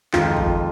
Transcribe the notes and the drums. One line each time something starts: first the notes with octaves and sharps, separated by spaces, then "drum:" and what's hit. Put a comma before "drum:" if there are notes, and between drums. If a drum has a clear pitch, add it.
F2 D#3 F3 G#3 F4, drum: clap
drum: kick